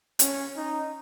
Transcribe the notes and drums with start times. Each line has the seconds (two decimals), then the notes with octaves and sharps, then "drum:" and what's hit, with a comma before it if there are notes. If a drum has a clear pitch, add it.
0.19 C#4, drum: hi-hat
0.56 D#4